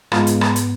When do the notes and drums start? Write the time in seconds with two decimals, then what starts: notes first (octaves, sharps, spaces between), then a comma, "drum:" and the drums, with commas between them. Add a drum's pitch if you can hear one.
0.12 G#2 G#3 B3 F4 F5, drum: rim click
0.27 drum: hi-hat
0.41 drum: rim click
0.56 drum: hi-hat